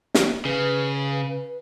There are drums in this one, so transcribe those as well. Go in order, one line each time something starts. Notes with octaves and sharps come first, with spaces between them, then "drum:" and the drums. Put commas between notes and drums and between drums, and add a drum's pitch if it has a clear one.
drum: snare
C#3 B4